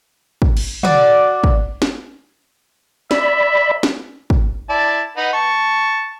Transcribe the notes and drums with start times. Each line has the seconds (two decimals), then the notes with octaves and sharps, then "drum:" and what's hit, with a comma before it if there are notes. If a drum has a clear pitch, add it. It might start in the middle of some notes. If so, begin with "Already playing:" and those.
0.42 drum: kick
0.57 drum: cymbal
0.83 F#4 D5, drum: tom
1.44 drum: kick
1.82 drum: snare
3.11 D5 E5 B5, drum: snare
3.83 drum: snare
4.30 drum: kick
4.69 E4 D5 A5
5.17 D#4 B4 F#5
5.33 A5 C#6